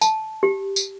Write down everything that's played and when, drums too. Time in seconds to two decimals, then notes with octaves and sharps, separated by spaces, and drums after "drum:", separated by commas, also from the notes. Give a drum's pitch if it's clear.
0.01 A5, drum: tambourine
0.43 G4
0.76 drum: tambourine